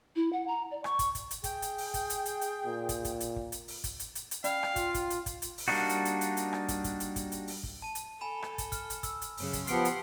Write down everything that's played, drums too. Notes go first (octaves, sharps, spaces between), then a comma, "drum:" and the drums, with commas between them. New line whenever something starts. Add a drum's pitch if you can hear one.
E4
F#5
A#5
D5
C#6, drum: rim click
drum: kick, hi-hat
drum: kick, hi-hat
drum: hi-hat
G#4 G5, drum: kick, hi-hat
drum: hi-hat
drum: open hi-hat
drum: kick, hi-hat
drum: hi-hat
drum: hi-hat
drum: hi-hat
A#2
drum: kick, hi-hat
drum: kick, hi-hat
drum: hi-hat
drum: kick
drum: hi-hat
drum: open hi-hat
drum: kick, hi-hat
drum: hi-hat
drum: hi-hat
drum: hi-hat
C#4 D5 F5 G5 B5, drum: hi-hat
drum: rim click
F4, drum: kick, hi-hat
drum: kick, hi-hat
drum: hi-hat
drum: kick, hi-hat
drum: hi-hat
drum: open hi-hat
G3 A#3 D4 D#4 F#4
drum: hi-hat
drum: hi-hat
drum: hi-hat
drum: hi-hat
drum: rim click
drum: kick, hi-hat
drum: kick, hi-hat
drum: hi-hat
drum: kick, hi-hat
drum: hi-hat
drum: open hi-hat
drum: kick
A5 D#7
drum: hi-hat
A4 G#5 B5 E7
drum: rim click
drum: kick, hi-hat
F6, drum: kick, hi-hat
drum: hi-hat
E6, drum: kick, hi-hat
drum: hi-hat
F#2 C#3, drum: open hi-hat
drum: kick, hi-hat
F3 B3 G4 F#5 C6 F6 C7 D7, drum: hi-hat
drum: hi-hat